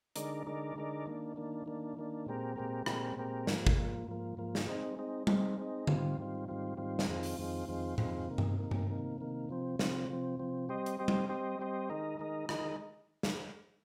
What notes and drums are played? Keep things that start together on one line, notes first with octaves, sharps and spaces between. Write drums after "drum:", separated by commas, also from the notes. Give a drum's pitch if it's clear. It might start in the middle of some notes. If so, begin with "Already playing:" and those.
D3 G#3 D#4 A#4 D5, drum: hi-hat
D3 G#3 D#4 A#4 D5
D3 G#3 D#4 A#4 D5
D#3 A#3 D4
D#3 A#3 D4
D#3 A#3 D4
D#3 A#3 D4
A#2 G#3 C4 G4 A#4
A#2 G#3 C4 G4 A#4
A#2 G#3 C4 G4 A#4, drum: rim click
A#2 G#3 C4 G4 A#4
G#2 F3 A#3, drum: snare
drum: kick
G#2 F3 A#3
G#2 F3 A#3
G#2 F3 A#3
drum: snare
G#3 C4 D#4
G#3 C4 D#4
G#3 C4 D#4, drum: tom G3
G#3 C4 D#4
G#2 D#3 G3 C4 F4, drum: tom D3
G#2 D#3 G3 C4 F4
G#2 D#3 G3 C4 F4
G#2 D#3 G3 C4 F4
drum: snare
F2 D#3 G#3 C4 F4
drum: open hi-hat
F2 D#3 G#3 C4 F4
F2 D#3 G#3 C4 F4
F2 D#3 G#3 C4 F4, drum: tom A2
C3 D#3 A#3
drum: tom G2
C3 D#3 A#3
drum: tom G2
C3 D#3 A#3
C3 D#3 A#3
C3 F3 C4
C3 F3 C4, drum: snare
C3 F3 C4
C3 F3 C4
G3 C4 G4 C5 D#5
drum: hi-hat
G3 C4 G4 C5 D#5
drum: tom G3
G3 C4 G4 C5 D#5
G3 C4 G4 C5 D#5
D#3 G#3 D#4 A#4 D#5
D#3 G#3 D#4 A#4 D#5
D#3 G#3 D#4 A#4 D#5, drum: rim click
drum: snare